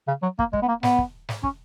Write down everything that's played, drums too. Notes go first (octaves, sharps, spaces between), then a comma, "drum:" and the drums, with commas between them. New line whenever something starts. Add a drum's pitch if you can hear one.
C#3
F#3
A#3, drum: kick
G#3, drum: kick
B3
A#3
B3, drum: snare
drum: kick
drum: snare
C#4, drum: kick